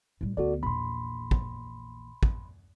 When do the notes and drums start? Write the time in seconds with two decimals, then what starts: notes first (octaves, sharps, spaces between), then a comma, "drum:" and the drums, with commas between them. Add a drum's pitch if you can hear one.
0.21 A2 G3
0.37 D2 B3 F#4 A4 D5
0.63 A#1 E2 B5 C6
1.31 drum: kick
2.23 drum: kick